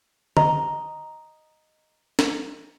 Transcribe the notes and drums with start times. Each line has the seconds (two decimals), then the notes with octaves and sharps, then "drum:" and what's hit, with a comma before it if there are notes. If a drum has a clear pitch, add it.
0.37 D#5 A#5, drum: tom D3
2.19 drum: snare